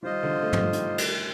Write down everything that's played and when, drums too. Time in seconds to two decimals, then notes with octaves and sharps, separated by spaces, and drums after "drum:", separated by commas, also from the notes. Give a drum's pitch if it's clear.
0.03 D#3 G3 F4 C5 D#5
0.23 D3 F3
0.43 A3
0.53 G3, drum: tom
0.63 F3
0.73 D#3 G3, drum: hi-hat
0.98 drum: cymbal